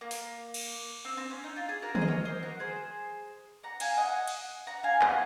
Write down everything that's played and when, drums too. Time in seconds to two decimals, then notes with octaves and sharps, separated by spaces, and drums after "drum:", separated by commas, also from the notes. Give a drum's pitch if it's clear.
0.01 A#3
0.11 drum: open hi-hat
0.54 drum: cymbal
1.05 C4
1.17 C4
1.31 C#4
1.44 D#4
1.56 F4
1.69 G#4
1.82 F#4 A#4
1.95 G#4 C5, drum: tom
2.01 D#5
2.08 A#4 C#5
2.25 C5 D#5
2.43 F#4 A#4
2.60 G#4 C5
3.63 F#5 A#5
3.80 F5 G#5, drum: cymbal
3.97 D#5 F#5
4.28 drum: cymbal
4.67 F#5 A#5
4.83 F5 G#5
5.01 D#5 F#5, drum: clap